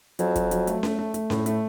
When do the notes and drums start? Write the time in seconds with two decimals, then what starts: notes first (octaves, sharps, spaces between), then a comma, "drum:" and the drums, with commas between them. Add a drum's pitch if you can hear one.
0.19 F2 F#3, drum: hi-hat
0.36 F#3, drum: kick, hi-hat
0.51 F#3, drum: hi-hat
0.67 A3, drum: hi-hat
0.83 A3, drum: snare C#4
0.99 A3
1.14 A3, drum: hi-hat
1.30 A2, drum: snare C#4
1.46 A3, drum: hi-hat